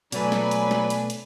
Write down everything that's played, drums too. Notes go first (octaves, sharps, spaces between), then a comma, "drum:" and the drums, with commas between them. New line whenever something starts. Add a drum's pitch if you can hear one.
B2 F#3 A3 D4 B4 G#5, drum: hi-hat
drum: snare
drum: hi-hat
drum: snare
drum: hi-hat
drum: hi-hat